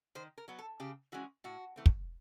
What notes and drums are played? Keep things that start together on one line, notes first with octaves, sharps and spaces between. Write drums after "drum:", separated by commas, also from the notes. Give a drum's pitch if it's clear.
D#3 C5
A#4
F#3 B3
A4
C#3 G4
E3 G#3 C#4 F#4
A2 F#4
E3 A3 C4
drum: kick